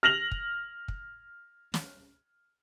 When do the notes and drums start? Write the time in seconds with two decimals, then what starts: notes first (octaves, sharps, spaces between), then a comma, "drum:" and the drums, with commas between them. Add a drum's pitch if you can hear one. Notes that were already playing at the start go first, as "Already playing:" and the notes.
0.03 F6 A#6 F7 F#7
0.31 drum: kick
0.88 drum: kick
1.74 drum: snare